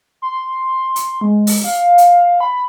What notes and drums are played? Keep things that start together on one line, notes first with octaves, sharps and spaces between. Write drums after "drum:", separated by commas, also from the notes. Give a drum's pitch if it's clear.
C6
drum: hi-hat
G#3
drum: open hi-hat
F5
drum: hi-hat
B5